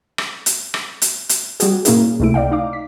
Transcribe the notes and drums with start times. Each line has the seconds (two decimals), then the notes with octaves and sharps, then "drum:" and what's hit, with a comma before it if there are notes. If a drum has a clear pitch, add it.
0.18 drum: rim click
0.46 drum: hi-hat
0.74 drum: rim click
1.02 drum: hi-hat
1.29 drum: hi-hat
1.60 G3 F#4 G#4, drum: hi-hat
1.85 A#2 A#3 C#4 E4 G#4, drum: hi-hat
2.20 C#2 C3 A3 E4 D7
2.34 D5 D#5 F5 G5
2.51 D#4 F5 D6
2.73 B6